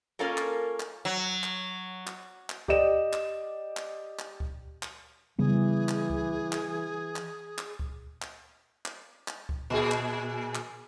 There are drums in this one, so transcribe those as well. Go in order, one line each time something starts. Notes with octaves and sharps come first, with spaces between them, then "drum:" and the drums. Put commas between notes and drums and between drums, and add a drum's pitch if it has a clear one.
A#3 C#4 F4 A4 A#4
drum: clap
drum: clap
F#3
drum: clap
drum: clap
drum: clap
G4 D5 D#5 E7, drum: kick C#2
drum: clap
drum: clap
drum: clap
drum: kick C#2
drum: clap
C#3 E3 G3 B3 G#4
drum: clap
drum: kick C#2
drum: clap
drum: clap
drum: clap
drum: kick C#2
drum: clap
drum: clap
drum: clap
drum: kick C#2
A#2 G#4
drum: clap
drum: clap